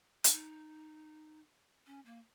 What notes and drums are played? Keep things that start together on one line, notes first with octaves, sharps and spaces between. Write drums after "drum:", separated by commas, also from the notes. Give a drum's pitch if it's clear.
C#4, drum: hi-hat
D#4
C#4
A#3